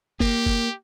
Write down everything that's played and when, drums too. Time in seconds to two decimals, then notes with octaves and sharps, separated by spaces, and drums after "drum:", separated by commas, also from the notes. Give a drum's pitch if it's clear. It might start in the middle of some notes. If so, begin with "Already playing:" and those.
0.20 A#3 G4, drum: kick F#1
0.46 drum: kick F#1